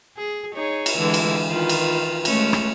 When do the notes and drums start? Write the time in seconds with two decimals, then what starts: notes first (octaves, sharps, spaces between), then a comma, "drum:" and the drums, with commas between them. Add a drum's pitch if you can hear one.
0.17 G#4
0.54 D#4 G#4 C#5
0.86 drum: cymbal
0.97 D3 E3 G#3
1.14 drum: cymbal
1.48 D#3 F4 B4
1.69 drum: cymbal
2.25 G#3 A3 C#4, drum: cymbal
2.53 drum: rim click